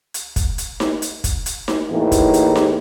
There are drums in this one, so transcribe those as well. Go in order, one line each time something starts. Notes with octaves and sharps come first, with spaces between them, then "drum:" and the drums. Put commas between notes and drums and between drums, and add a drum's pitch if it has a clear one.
drum: hi-hat
drum: kick, hi-hat
drum: hi-hat
drum: snare D#4
drum: hi-hat
drum: kick, hi-hat
drum: hi-hat
drum: snare D#4
E2 A2 E3 A#3 D#4 G4
drum: kick, hi-hat
drum: hi-hat
drum: snare D#4